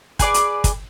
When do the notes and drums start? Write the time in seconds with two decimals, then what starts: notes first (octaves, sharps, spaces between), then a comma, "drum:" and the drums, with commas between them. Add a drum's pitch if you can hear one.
0.19 G#4 B4 D5 D6, drum: kick, hi-hat
0.34 drum: hi-hat
0.64 drum: kick, hi-hat